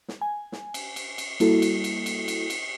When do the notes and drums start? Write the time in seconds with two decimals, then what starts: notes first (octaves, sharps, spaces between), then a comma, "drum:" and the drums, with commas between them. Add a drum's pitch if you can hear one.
0.08 drum: snare
0.21 G#5
0.52 drum: snare
0.74 drum: cymbal
0.96 drum: cymbal
1.18 drum: cymbal
1.40 G3 A#3 E4 F#4 A4, drum: cymbal
1.62 drum: cymbal
1.84 drum: cymbal
2.06 drum: cymbal
2.28 drum: cymbal
2.50 drum: cymbal